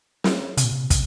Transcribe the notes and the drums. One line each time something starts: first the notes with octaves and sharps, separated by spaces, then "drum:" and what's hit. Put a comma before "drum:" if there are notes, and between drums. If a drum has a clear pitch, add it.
drum: snare
C3, drum: hi-hat
A#2
C3
drum: kick, hi-hat